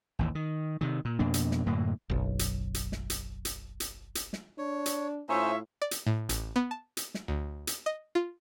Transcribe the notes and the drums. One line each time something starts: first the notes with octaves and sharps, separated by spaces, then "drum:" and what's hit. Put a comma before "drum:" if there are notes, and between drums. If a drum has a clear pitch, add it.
A1 D#2 A2
D#3
C3 D#3
A#2
F2 B2 A#3 D4
drum: hi-hat
drum: snare
F#2 A2 D3 A#3
F#1 B1
drum: hi-hat
drum: hi-hat
drum: snare
drum: hi-hat
drum: hi-hat
drum: hi-hat
drum: hi-hat
drum: snare
D4 C#5
drum: hi-hat
A2 C#4 D#4 F4 C5 C#5 E5
D5
drum: hi-hat
A2
A1, drum: hi-hat
B3
A5
drum: hi-hat
drum: snare
D2
drum: hi-hat
D#5
F4